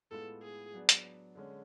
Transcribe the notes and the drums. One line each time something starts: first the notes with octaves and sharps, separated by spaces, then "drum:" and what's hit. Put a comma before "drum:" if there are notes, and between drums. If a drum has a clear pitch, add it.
A2 G#3 B3 F4 A4
G#4
F#3 B3 D4
drum: hi-hat
D3 G#3 C#4